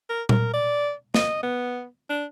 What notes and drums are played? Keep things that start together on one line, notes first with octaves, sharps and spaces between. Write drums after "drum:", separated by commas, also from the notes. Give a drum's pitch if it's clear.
A#4
A#4, drum: tom A#2
D5
D#5, drum: snare
B3
D4